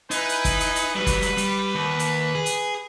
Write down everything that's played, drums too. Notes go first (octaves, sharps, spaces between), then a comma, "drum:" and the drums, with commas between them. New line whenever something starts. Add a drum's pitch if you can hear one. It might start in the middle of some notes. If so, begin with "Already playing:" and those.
D#4 E4 B4 G#5, drum: hi-hat
drum: hi-hat
drum: kick, hi-hat
drum: hi-hat
drum: hi-hat
F#3 G3 B4
drum: kick, hi-hat
drum: hi-hat
G3, drum: hi-hat
D#2
drum: hi-hat
G#4
drum: hi-hat